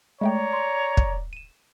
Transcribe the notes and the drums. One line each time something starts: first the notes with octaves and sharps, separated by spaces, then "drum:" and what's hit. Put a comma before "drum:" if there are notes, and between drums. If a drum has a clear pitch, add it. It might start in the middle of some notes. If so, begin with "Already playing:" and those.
G#3 A3 C#5 D5 G5 A#5
C6
drum: kick
D#7 E7